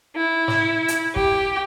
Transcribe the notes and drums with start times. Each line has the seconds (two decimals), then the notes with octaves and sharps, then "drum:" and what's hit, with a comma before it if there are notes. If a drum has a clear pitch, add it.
0.16 E4
0.48 drum: snare
0.88 drum: hi-hat
1.16 G4, drum: kick